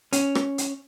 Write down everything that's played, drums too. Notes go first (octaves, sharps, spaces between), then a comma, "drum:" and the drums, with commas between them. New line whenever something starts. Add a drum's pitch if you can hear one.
C#4, drum: hi-hat
drum: rim click
drum: hi-hat